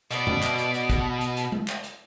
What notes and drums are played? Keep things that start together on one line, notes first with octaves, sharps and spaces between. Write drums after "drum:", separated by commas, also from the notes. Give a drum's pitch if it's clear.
B2 D5, drum: hi-hat
drum: tom F#2
drum: clap
drum: hi-hat
drum: hi-hat
drum: kick, hi-hat
drum: hi-hat
drum: hi-hat
drum: tom G#3
drum: clap
drum: hi-hat